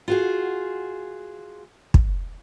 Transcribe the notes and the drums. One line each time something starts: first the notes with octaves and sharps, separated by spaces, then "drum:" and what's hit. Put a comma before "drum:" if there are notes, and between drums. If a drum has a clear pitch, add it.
F4 F#4 G#4
drum: kick